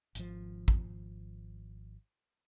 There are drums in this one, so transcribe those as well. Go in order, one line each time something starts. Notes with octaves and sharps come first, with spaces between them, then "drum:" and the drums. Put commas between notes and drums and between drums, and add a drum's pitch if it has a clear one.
G#1 F3, drum: hi-hat
drum: kick